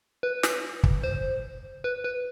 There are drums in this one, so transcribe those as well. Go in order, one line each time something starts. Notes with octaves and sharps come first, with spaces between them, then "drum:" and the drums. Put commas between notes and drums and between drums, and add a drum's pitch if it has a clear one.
B4
drum: snare
drum: kick
C5
B4
B4